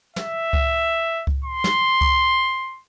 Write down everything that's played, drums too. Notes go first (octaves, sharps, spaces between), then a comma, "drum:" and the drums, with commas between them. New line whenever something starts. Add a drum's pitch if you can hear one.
E5, drum: snare
drum: kick C#2
drum: kick C#2
C6
drum: snare
drum: kick C#2